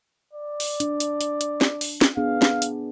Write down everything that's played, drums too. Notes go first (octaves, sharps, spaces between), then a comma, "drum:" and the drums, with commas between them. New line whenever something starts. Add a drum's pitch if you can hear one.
D5
drum: open hi-hat
D4, drum: hi-hat
drum: hi-hat
drum: hi-hat
drum: hi-hat
drum: snare
drum: open hi-hat
drum: snare
B3 D4 G#4 F5
drum: snare
drum: hi-hat